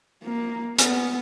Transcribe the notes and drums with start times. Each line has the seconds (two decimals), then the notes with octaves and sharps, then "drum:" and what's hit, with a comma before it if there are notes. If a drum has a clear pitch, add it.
0.24 A#3
0.78 B3, drum: hi-hat